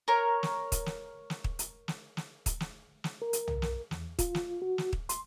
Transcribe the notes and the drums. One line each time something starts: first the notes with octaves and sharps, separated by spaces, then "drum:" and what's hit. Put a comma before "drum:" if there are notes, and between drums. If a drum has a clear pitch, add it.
A#4 C#5
drum: snare
drum: kick, hi-hat
drum: snare
drum: snare
drum: kick
drum: hi-hat
drum: snare
drum: snare
drum: kick, hi-hat
drum: snare
drum: snare
A#4
drum: hi-hat
drum: tom
drum: snare
E2, drum: snare
F4, drum: kick, hi-hat
drum: snare
F#4
drum: snare
drum: kick
C6, drum: hi-hat